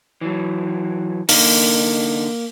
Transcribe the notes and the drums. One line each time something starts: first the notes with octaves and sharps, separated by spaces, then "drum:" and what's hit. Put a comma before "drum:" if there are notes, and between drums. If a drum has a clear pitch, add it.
E3 F#3
D3 A#3 D#4, drum: open hi-hat